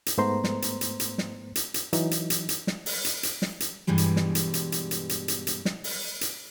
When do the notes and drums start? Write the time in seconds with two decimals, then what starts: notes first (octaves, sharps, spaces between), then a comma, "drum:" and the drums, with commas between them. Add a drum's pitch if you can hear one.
0.06 drum: hi-hat
0.18 G#2 A3 B3 C5 A#5 C6
0.44 drum: snare
0.62 drum: hi-hat
0.81 drum: hi-hat
1.00 drum: hi-hat
1.18 drum: snare
1.55 drum: hi-hat
1.74 drum: hi-hat
1.93 E3 F#3 D#4, drum: hi-hat
2.11 drum: hi-hat
2.30 drum: hi-hat
2.49 drum: hi-hat
2.67 drum: snare
2.86 drum: open hi-hat
3.05 drum: hi-hat
3.23 drum: hi-hat
3.42 drum: snare
3.60 drum: hi-hat
3.87 G2 B2 E3 G3 G#3
3.98 drum: hi-hat
4.16 drum: snare
4.35 drum: hi-hat
4.54 drum: hi-hat
4.72 drum: hi-hat
4.91 drum: hi-hat
5.09 drum: hi-hat
5.28 drum: hi-hat
5.47 drum: hi-hat
5.65 drum: snare
5.84 drum: open hi-hat
6.21 drum: hi-hat